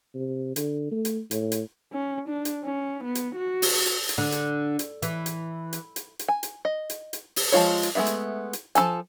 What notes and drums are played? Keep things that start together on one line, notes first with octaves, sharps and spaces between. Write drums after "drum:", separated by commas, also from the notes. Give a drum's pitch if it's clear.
C3
D3, drum: hi-hat
A3
drum: hi-hat
A2, drum: hi-hat
drum: hi-hat
C#4
D4
drum: hi-hat
C#4
B3
drum: hi-hat
F#4
drum: open hi-hat
drum: hi-hat
drum: hi-hat
D3
drum: hi-hat
drum: hi-hat
E3, drum: hi-hat
drum: hi-hat
drum: hi-hat
drum: hi-hat
drum: hi-hat
G#5
drum: hi-hat
D#5
drum: hi-hat
drum: hi-hat
drum: open hi-hat
F3 G#3 F4 C#5
drum: hi-hat
G#3 A3 B3 F4 E5
drum: hi-hat
drum: hi-hat
F3 E4 A4 G#5, drum: hi-hat